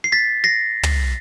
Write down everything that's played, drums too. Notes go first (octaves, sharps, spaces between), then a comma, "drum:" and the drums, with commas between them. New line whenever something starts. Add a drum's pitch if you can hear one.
C7
A6 B6
A#6 C7
drum: tom